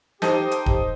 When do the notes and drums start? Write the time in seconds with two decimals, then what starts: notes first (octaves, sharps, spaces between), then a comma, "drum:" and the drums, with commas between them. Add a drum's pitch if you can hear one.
0.22 D#4 G4 A4 C5, drum: snare
0.51 drum: hi-hat
0.66 drum: kick D#1